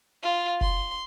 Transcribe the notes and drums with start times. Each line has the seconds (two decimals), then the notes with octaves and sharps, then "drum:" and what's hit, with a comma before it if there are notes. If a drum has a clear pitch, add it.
0.23 F4
0.61 C6, drum: kick F1